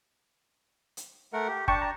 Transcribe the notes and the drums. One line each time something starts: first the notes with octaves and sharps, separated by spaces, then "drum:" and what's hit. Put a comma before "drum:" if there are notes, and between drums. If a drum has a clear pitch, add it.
drum: hi-hat
A3 A#4 F#5
G4
D4 G5 A5 C#6, drum: kick
A#5